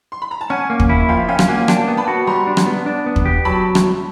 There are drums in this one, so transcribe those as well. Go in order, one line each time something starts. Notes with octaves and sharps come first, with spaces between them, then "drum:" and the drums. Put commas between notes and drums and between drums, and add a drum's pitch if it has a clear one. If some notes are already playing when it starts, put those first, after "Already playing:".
C6
B5
A#5
A5
C#4 F#5 G#5
A#3
drum: kick
E4
F3 F5 G5
C#4 F5 G5
drum: rim click
A#3 F#5 G#5
D4 G5 A5, drum: rim click
B3
A5 B5
F#4
G3 A#5 C6
D4
drum: rim click
B3
D4
B3
drum: kick
G4
F#3 A5 B5
drum: rim click